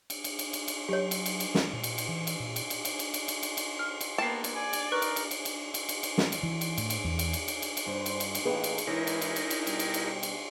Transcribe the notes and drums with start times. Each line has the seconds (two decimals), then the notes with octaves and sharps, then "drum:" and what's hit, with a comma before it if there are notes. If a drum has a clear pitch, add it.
0.10 drum: cymbal
0.24 drum: cymbal
0.39 drum: cymbal
0.53 drum: cymbal
0.68 drum: cymbal
0.89 F#3 G4 C#5
1.11 drum: cymbal
1.26 drum: cymbal
1.40 drum: cymbal
1.55 drum: snare
1.73 A#2
1.84 drum: cymbal
1.98 drum: cymbal
2.08 E3
2.27 drum: cymbal
2.40 A#2
2.56 drum: cymbal
2.70 drum: cymbal
2.85 drum: cymbal
2.99 drum: cymbal
3.14 drum: cymbal
3.28 drum: cymbal
3.43 drum: cymbal
3.57 drum: cymbal
3.79 F6
4.01 drum: cymbal
4.18 A#3 B3 G5 A5 C7
4.44 drum: cymbal
4.55 D5 G#5
4.73 drum: cymbal
4.92 D#4 A#4 B4 C#6 F#6
5.02 drum: cymbal
5.16 drum: cymbal
5.31 drum: cymbal
5.45 drum: cymbal
5.74 drum: cymbal
5.89 drum: cymbal
6.03 drum: cymbal
6.18 drum: snare
6.32 drum: cymbal
6.43 E3
6.61 drum: cymbal
6.78 A2, drum: cymbal
6.90 drum: cymbal
7.04 E2
7.19 drum: cymbal
7.33 drum: cymbal
7.48 drum: cymbal
7.62 drum: cymbal
7.77 drum: cymbal
7.86 G2 C5
8.06 drum: cymbal
8.20 drum: cymbal
8.35 drum: cymbal
8.45 A1 A#3 D#4 G#4 B4 G5
8.64 drum: cymbal
8.78 drum: cymbal
8.87 G#2 E3 D#4 E4 A#4 C#5
9.07 drum: cymbal
9.22 drum: cymbal
9.36 drum: cymbal
9.50 drum: cymbal
9.67 B2 G3, drum: cymbal
9.79 drum: cymbal
9.94 drum: cymbal
10.23 drum: cymbal